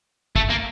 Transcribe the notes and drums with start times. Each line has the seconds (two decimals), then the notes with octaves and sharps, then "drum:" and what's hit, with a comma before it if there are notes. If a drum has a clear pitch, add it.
0.36 A3, drum: kick
0.50 A#3